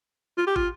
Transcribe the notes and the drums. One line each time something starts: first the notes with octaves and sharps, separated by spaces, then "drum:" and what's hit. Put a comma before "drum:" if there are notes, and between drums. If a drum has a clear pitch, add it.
F4
G4
F4, drum: kick